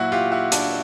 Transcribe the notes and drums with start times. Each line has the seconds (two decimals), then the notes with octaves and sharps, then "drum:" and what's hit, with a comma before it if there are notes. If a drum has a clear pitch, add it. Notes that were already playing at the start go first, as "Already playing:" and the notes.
Already playing: A#2 F#3 E4 F#4
0.12 F4 G4
0.32 E4 F#4
0.52 D4 E4, drum: hi-hat